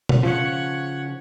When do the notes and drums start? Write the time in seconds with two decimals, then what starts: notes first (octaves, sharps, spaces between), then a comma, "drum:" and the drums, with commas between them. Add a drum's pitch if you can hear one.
0.09 drum: tom B2
0.23 C#3 F3 C#5 F#5